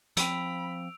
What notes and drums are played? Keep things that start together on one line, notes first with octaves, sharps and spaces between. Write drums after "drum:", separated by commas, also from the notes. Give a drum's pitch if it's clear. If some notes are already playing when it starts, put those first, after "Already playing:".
F3 C4 B5 E6 D7 F7, drum: hi-hat